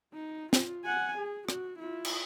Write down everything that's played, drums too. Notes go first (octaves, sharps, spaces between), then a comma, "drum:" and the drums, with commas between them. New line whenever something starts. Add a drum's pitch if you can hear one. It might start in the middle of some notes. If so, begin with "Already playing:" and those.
D#4
F4, drum: snare
F#5 G#5
G#4
F#4, drum: rim click
E4 F4
drum: cymbal